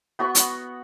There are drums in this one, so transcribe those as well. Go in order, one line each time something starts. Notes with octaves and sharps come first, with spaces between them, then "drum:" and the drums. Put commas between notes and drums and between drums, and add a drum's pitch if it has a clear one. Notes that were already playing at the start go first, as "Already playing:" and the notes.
B3 F#4 B5 C#6
drum: hi-hat